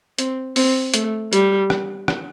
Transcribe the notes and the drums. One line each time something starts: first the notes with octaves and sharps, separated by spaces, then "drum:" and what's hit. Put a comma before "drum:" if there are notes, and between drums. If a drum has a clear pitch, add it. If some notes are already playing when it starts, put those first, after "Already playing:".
C4, drum: hi-hat
C4, drum: open hi-hat
A3, drum: hi-hat
G3, drum: hi-hat
drum: rim click
drum: rim click